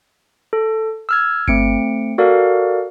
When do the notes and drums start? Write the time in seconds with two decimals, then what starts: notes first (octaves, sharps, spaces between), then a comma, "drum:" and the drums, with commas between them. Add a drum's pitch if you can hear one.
0.53 A4
1.09 E6 F6 G#6
1.48 A3 C4 C#7 D7, drum: kick G1
2.18 F#4 A4 A#4 D5 F5